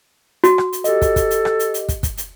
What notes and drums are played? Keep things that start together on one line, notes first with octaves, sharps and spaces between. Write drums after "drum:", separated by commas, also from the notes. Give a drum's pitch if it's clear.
F#4, drum: hi-hat
drum: rim click
drum: hi-hat
G4 A4 D#5, drum: hi-hat
drum: kick, hi-hat
drum: kick, hi-hat
drum: hi-hat
drum: rim click
drum: hi-hat
drum: hi-hat
drum: kick, hi-hat
drum: kick, hi-hat
drum: hi-hat